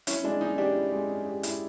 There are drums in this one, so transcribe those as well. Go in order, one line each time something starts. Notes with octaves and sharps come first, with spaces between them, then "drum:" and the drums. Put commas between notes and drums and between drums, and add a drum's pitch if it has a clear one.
C#4 E4, drum: hi-hat
G#3 D4
C#4 D#4
D4 G4
E4
G#3
C#4
G4
E4, drum: hi-hat